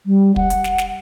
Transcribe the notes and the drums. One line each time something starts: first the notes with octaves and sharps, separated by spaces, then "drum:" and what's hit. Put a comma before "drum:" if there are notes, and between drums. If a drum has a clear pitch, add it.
G3
F#5, drum: kick
drum: hi-hat
drum: snare
drum: snare